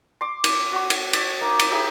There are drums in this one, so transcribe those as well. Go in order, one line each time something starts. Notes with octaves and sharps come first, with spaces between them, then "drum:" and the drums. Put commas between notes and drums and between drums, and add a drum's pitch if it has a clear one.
C6 D6
drum: cymbal
F#4 C#6
drum: cymbal
D5, drum: cymbal
A#3 D#4
drum: cymbal
D#4 E4 G4 G#4